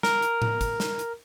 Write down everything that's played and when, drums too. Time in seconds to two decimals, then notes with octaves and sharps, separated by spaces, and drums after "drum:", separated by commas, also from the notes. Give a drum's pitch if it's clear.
0.03 A#4, drum: snare
0.22 drum: hi-hat
0.42 drum: tom A2
0.61 drum: kick, hi-hat
0.80 drum: snare
0.99 drum: hi-hat